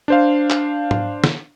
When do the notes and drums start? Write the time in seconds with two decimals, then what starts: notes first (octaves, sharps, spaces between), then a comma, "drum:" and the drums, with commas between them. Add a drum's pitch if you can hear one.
0.08 D4 C5 F5
0.50 drum: clap
0.91 drum: tom G#2
1.24 drum: snare